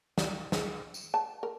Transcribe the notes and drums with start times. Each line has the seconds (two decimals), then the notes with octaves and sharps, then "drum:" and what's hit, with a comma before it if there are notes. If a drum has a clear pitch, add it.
0.18 G3, drum: snare
0.52 G#3, drum: snare
0.94 drum: tambourine
1.14 A5
1.43 A#4